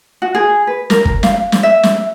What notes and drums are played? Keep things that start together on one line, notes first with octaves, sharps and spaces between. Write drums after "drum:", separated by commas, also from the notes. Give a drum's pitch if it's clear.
F#4
G#4
B4
A#4, drum: snare
drum: kick
F5, drum: snare
drum: snare
E5
drum: snare